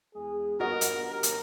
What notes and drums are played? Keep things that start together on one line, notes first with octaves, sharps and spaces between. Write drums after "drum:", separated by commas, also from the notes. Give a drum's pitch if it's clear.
E2 G#3 G#4
G2 A#2 B3 F#4 A#4 D#5
drum: hi-hat
A1 G4 A#4
drum: hi-hat